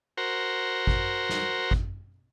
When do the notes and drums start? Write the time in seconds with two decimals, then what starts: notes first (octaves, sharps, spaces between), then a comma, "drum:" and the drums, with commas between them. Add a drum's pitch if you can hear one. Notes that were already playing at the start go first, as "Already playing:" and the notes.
0.17 F#4 A#4 C5
0.87 drum: kick G#1
1.29 drum: snare
1.71 drum: kick G#1